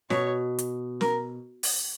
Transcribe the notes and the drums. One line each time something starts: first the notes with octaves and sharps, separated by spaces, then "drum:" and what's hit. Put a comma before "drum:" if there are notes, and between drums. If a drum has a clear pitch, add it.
B2 C#5, drum: snare
drum: hi-hat
A#4, drum: snare
drum: open hi-hat